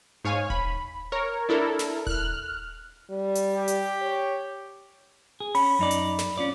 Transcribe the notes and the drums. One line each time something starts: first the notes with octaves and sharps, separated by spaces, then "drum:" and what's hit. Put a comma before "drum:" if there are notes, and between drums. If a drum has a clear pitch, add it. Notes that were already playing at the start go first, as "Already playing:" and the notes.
G#2 C#5 F5 G#5
B5, drum: kick D#1
A#4 C#5
D4 E4 A4 A#4
drum: snare
F6 F#6, drum: kick D#1
G3
drum: hi-hat
G4
drum: hi-hat
C#5
G#4
C#4 B5, drum: open hi-hat
F#2 D#4 D5
drum: hi-hat
drum: snare
C#4 F4 D5